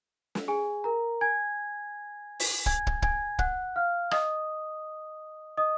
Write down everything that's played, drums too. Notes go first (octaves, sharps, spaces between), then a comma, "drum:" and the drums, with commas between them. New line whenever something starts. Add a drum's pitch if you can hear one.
drum: snare
G#4 G#5
A#4 A#5
G#5 G#6
drum: open hi-hat
G#5 G#6, drum: kick
drum: kick
G#5 G#6, drum: kick
F#5 F#6, drum: kick
F5 F6
D#5 D#6, drum: rim click
D#5 D#6